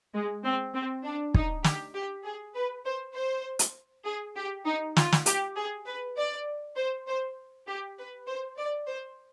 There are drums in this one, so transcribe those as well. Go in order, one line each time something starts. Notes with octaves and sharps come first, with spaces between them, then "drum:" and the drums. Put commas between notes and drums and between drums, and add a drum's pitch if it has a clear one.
G#3
C4
C4
D4
D#4, drum: kick
G4, drum: snare
G4
G#4
B4
C5
C5
drum: hi-hat
G#4
G4
D#4
F4, drum: snare
drum: snare
G4, drum: hi-hat
G#4
B4
D5
C5
C5
G4
B4
C5
D5
C5